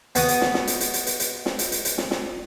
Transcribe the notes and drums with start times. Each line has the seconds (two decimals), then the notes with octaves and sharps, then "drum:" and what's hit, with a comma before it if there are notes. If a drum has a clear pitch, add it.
0.15 B3 F#4 D#6, drum: hi-hat
0.28 drum: hi-hat
0.41 drum: snare
0.54 drum: snare
0.67 drum: hi-hat
0.80 drum: hi-hat
0.94 drum: hi-hat
1.07 drum: hi-hat
1.20 drum: hi-hat
1.46 drum: snare
1.59 drum: hi-hat
1.72 drum: hi-hat
1.85 drum: hi-hat
1.98 drum: snare
2.11 drum: snare